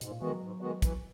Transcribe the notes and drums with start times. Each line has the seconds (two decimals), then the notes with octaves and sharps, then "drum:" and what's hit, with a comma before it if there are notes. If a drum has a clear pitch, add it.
0.01 G#2 B2, drum: hi-hat
0.11 A#2
0.21 D#3 E3 G#3 B3 F#4
0.31 F#3
0.42 G#2
0.61 D#3 G#3 B3 F#4
0.82 E3, drum: kick, hi-hat